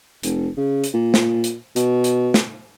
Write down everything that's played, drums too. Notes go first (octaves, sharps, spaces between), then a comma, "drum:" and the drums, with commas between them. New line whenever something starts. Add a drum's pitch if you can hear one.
F1, drum: hi-hat
C#3
drum: hi-hat
A#2
drum: snare
drum: hi-hat
B2, drum: hi-hat
drum: hi-hat
drum: snare